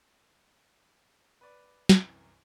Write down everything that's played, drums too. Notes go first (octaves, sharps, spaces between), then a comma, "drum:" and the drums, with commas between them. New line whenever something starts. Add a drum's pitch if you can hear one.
B4 D5
C2 F#2 E3, drum: snare